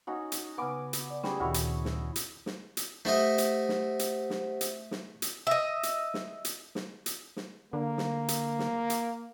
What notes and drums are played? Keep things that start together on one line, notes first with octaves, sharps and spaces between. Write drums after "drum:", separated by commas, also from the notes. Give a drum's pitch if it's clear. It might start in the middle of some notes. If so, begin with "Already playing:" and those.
C#4 D#4 F#4
drum: hi-hat
C#3 B3 B4 G#5 D6
drum: hi-hat
D5
G3 C#4 G#4 B5, drum: snare
D2 A#2 D#3 E4 F#4 C#5
drum: hi-hat
drum: snare
drum: hi-hat
drum: snare
drum: hi-hat
A3 E4 G4 C5 D#5 F#5, drum: snare
drum: hi-hat
drum: snare
drum: hi-hat
drum: snare
drum: hi-hat
drum: snare
drum: hi-hat
D#5 E5
drum: hi-hat
drum: snare
drum: hi-hat
drum: snare
drum: hi-hat
drum: snare
D3 A#3
drum: snare
drum: hi-hat
drum: snare
drum: hi-hat